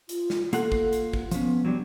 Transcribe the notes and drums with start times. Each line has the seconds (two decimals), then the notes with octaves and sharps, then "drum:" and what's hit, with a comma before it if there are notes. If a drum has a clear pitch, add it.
0.09 F4, drum: hi-hat
0.30 drum: snare
0.53 A#3 F4 A4 F#5, drum: hi-hat
0.72 drum: kick
0.93 drum: hi-hat
1.13 drum: kick
1.31 F3 B3 C#4, drum: hi-hat
1.65 F#3 G3 D4